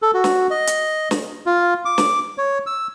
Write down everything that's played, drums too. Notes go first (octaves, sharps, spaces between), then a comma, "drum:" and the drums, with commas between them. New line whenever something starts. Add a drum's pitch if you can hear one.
A4
F#4
drum: snare
D#5
drum: hi-hat
drum: snare
F4
D6
drum: snare
C#5
E6